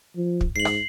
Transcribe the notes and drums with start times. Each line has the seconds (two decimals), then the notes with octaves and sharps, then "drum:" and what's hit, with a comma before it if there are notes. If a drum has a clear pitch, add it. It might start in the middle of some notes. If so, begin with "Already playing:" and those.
0.16 F3
0.41 drum: kick
0.56 G#2 C7 F#7
0.65 drum: rim click